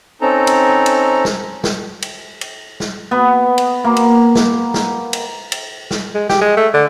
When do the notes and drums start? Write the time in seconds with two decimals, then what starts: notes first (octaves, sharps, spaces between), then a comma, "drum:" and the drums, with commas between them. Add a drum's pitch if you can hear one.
0.21 C4 C#4 D#4 A4 A#5
0.47 drum: cymbal
0.86 drum: cymbal
1.25 drum: snare
1.64 drum: snare
2.02 drum: cymbal
2.41 drum: cymbal
2.80 drum: snare
3.11 B3
3.58 drum: cymbal
3.84 A#3
3.97 drum: cymbal
4.35 drum: snare
4.74 drum: snare
5.13 drum: cymbal
5.52 drum: cymbal
5.91 drum: snare
6.15 G#3
6.29 G4, drum: snare
6.41 G#3
6.57 A3
6.74 D3